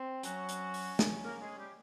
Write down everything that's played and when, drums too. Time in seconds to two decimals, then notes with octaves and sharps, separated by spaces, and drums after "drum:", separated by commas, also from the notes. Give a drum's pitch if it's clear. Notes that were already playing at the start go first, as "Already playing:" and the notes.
Already playing: C4
0.23 F#3 C#4 F#4, drum: hi-hat
0.49 drum: hi-hat
0.74 drum: open hi-hat
0.99 drum: snare
1.24 A#3 A#4
1.41 G#3 G#4
1.57 G3 G4